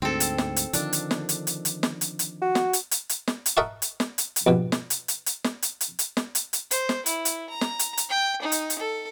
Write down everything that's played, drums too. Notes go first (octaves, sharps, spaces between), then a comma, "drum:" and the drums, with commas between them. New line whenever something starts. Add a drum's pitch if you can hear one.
D2 G#2 C4 A4
drum: hi-hat
drum: snare
drum: hi-hat
D3 D#3 F3 D4, drum: hi-hat
drum: hi-hat
drum: snare
drum: hi-hat
drum: hi-hat
drum: hi-hat
drum: snare
drum: hi-hat
drum: hi-hat
F#4
drum: snare
drum: hi-hat
drum: hi-hat
drum: hi-hat
drum: snare
drum: hi-hat
A#4 D#5 E5 F#5 A5 C#6
drum: hi-hat
drum: snare
drum: hi-hat
drum: hi-hat
A#1 G2 B2
drum: snare
drum: hi-hat
drum: hi-hat
drum: hi-hat
drum: snare
drum: hi-hat
drum: hi-hat
drum: hi-hat
drum: snare
drum: hi-hat
drum: hi-hat
C5, drum: hi-hat
drum: snare
E4, drum: hi-hat
drum: hi-hat
A#5
drum: snare
drum: hi-hat
drum: hi-hat
G5
D#4
drum: hi-hat
drum: hi-hat
A4